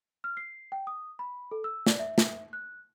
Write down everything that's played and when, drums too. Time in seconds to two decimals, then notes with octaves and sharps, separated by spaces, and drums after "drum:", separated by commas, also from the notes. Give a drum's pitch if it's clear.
0.24 F6
0.37 C7
0.72 G5
0.87 D#6
1.19 B5
1.51 A4
1.64 E6
1.86 D5, drum: snare
1.99 E5
2.18 drum: snare
2.53 F#6